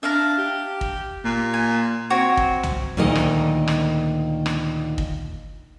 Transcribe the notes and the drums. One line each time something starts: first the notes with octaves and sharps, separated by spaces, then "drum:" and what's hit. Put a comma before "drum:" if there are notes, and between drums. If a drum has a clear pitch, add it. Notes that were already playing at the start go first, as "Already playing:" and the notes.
D4 E5 F5 A#5
G4
drum: kick
A#2
G#5
C4 F#4 C#5 A#5
drum: kick
drum: tom C2
D2 A#2 D#3 D#4 A#4 D#5
drum: rim click
drum: rim click
drum: rim click
drum: kick